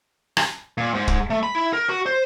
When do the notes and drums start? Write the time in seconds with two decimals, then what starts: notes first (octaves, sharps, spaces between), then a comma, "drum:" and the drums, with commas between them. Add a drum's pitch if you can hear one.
0.37 drum: rim click
0.78 A#2
0.94 G#2
1.08 drum: kick
1.30 A3
1.43 B5
1.55 E4
1.73 A#4
1.89 F#4
2.06 C5